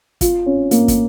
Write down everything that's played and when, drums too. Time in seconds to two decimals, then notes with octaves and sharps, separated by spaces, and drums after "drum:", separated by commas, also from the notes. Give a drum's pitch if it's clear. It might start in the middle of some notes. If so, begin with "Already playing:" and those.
0.21 F4, drum: kick, hi-hat
0.46 C#4
0.71 A#3, drum: hi-hat
0.88 drum: kick, hi-hat